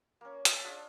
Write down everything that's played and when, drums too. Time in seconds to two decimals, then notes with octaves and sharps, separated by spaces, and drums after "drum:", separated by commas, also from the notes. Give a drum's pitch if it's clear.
0.21 A#3 C#4
0.45 E5 A5, drum: hi-hat
0.64 D4 F4 G#4